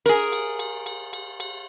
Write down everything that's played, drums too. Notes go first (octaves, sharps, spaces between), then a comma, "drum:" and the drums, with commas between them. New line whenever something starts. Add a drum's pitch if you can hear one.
G#4 A#4, drum: cymbal
drum: cymbal
drum: cymbal
drum: cymbal
drum: cymbal
drum: cymbal